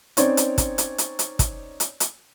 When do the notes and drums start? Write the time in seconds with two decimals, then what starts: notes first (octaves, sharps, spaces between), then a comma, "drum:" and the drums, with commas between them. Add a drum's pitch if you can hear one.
0.17 C4 C#4 D#4 C#5 D5, drum: hi-hat
0.37 drum: hi-hat
0.58 drum: kick, hi-hat
0.78 drum: hi-hat
0.98 drum: hi-hat
1.19 drum: hi-hat
1.39 drum: kick, hi-hat
1.80 drum: hi-hat
2.00 drum: hi-hat